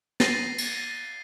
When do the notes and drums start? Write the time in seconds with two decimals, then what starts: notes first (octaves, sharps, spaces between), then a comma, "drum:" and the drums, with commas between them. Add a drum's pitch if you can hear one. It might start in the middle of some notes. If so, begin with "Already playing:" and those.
0.20 A6 A#6 C7 D#7, drum: snare
0.58 drum: cymbal